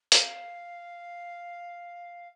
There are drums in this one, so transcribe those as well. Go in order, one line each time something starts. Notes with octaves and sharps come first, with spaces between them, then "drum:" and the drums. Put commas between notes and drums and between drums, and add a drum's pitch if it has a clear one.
F5, drum: hi-hat